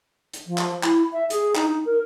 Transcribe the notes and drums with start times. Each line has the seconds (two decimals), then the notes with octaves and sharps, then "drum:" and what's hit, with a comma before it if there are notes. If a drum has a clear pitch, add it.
0.34 drum: hi-hat
0.47 F3
0.58 drum: clap
0.83 E4, drum: clap
1.13 E5
1.30 G#4, drum: hi-hat
1.55 D#4, drum: clap
1.68 D#4
1.86 A#4